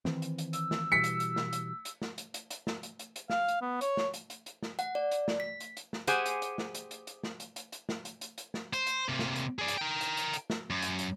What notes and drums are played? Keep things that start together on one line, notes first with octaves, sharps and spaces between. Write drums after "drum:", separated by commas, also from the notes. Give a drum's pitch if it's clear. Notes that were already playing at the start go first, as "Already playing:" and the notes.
D#3 E3 C4, drum: snare
drum: hi-hat
drum: hi-hat
E6, drum: hi-hat
drum: snare
B2 E3 G3 B6 C#7
drum: hi-hat
drum: hi-hat
drum: snare
drum: hi-hat
drum: hi-hat
drum: snare
drum: hi-hat
drum: hi-hat
drum: hi-hat
drum: snare
drum: hi-hat
drum: hi-hat
drum: hi-hat
F5, drum: snare
drum: hi-hat
B3
C#5, drum: hi-hat
drum: snare
drum: hi-hat
drum: hi-hat
drum: hi-hat
drum: snare
F#5, drum: hi-hat
D5
drum: hi-hat
drum: snare
B6
drum: hi-hat
drum: hi-hat
drum: snare
G4 G#4 C5 F#5 G#5, drum: hi-hat
drum: hi-hat
drum: hi-hat
drum: snare
drum: hi-hat
drum: hi-hat
drum: hi-hat
drum: snare
drum: hi-hat
drum: hi-hat
drum: hi-hat
drum: snare
drum: hi-hat
drum: hi-hat
drum: hi-hat
drum: snare
C5, drum: hi-hat
drum: hi-hat
C3 A#3
drum: snare
drum: hi-hat
G#4 D5
drum: hi-hat
A#4 G5
drum: hi-hat
drum: hi-hat
drum: hi-hat
drum: snare
F#2
drum: hi-hat
drum: hi-hat